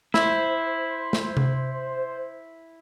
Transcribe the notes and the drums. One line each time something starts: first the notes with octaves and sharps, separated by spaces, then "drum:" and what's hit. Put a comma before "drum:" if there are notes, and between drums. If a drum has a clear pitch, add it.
E4 C5, drum: snare
drum: snare
drum: tom C3